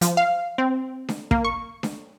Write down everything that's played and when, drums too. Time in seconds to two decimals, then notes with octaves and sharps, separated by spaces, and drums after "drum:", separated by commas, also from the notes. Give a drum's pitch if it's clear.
0.01 F3, drum: hi-hat
0.17 F5
0.58 C4
1.09 drum: snare D4
1.31 A#3, drum: kick
1.45 C#6
1.83 drum: snare D4